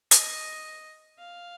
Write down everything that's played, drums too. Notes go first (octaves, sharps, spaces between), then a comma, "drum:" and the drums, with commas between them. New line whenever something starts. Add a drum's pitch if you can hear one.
D#5, drum: hi-hat
F5